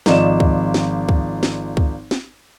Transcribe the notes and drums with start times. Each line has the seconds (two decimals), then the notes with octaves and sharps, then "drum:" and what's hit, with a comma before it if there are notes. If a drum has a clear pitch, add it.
0.06 G#1 F3 D5 D#5 E7, drum: snare
0.40 drum: kick
0.74 drum: snare
1.09 drum: kick
1.43 drum: snare
1.77 drum: kick
2.11 drum: snare